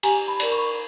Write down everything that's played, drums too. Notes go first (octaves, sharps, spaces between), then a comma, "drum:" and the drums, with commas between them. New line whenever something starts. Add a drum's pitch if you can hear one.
G4 G#5 A#5, drum: cymbal
A5 B5
A#4 D5, drum: cymbal
B5 C#6